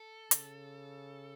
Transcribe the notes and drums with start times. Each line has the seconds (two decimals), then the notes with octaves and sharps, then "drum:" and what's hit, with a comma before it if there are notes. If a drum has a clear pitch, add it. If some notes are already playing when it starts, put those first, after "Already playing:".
Already playing: A4
0.31 C#3, drum: hi-hat